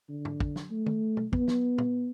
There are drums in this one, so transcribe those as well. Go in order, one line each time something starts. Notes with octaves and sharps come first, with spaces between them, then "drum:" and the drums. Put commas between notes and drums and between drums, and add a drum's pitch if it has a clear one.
D3
drum: tom G#2
drum: kick
drum: snare
A3
drum: tom D#3
drum: tom
B3, drum: kick
drum: snare
drum: tom